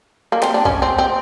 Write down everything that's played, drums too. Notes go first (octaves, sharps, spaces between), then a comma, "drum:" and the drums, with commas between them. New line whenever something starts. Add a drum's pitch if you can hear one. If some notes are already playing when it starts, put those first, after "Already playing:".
A#3
C4, drum: clap
D4
C#4, drum: kick B1
C4
C4